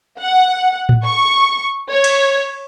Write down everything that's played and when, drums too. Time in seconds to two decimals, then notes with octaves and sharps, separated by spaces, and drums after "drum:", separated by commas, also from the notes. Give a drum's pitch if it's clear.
0.21 F#5
0.89 drum: tom A2
1.05 C#6
1.90 C#5
2.04 drum: cymbal